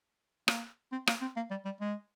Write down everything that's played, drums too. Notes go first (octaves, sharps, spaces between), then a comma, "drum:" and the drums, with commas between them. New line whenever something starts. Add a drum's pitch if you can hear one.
A#3, drum: rim click
C4
A#3, drum: rim click
C4
A#3
G3
G3
G#3